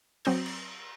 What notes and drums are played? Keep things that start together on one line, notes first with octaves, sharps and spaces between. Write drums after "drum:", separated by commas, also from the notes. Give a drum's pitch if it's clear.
F#3 C4 D#6 G6, drum: cymbal
drum: cymbal